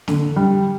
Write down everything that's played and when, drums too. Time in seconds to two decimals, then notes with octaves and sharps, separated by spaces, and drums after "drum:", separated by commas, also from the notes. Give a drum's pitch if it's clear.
0.08 D3, drum: snare
0.36 G3